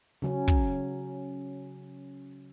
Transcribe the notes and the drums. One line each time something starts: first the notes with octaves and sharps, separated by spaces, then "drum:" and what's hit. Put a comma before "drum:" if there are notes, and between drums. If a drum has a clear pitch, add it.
C#3 F#3 C#4
drum: kick